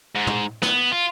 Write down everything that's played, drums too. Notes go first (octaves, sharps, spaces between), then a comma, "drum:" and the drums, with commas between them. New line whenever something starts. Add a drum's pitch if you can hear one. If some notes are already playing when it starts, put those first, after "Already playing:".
G#2
drum: tom
B3, drum: snare
F4